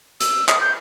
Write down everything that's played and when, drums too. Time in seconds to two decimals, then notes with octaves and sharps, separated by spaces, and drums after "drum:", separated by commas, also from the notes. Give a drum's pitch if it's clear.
0.20 E6, drum: hi-hat
0.49 D#6, drum: clap
0.61 G6